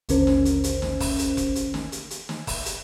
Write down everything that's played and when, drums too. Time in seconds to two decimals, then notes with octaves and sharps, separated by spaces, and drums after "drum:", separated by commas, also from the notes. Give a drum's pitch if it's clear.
0.09 A1 D#2 D3 C#4 A#4 C5, drum: hi-hat
0.27 drum: snare
0.45 drum: hi-hat
0.64 drum: hi-hat
0.82 drum: snare
1.00 drum: kick F1, open hi-hat
1.19 drum: hi-hat
1.37 drum: kick F1, hi-hat
1.55 drum: hi-hat
1.74 drum: snare
1.92 drum: hi-hat
2.10 drum: hi-hat
2.29 drum: snare
2.47 drum: kick F1, open hi-hat
2.66 drum: hi-hat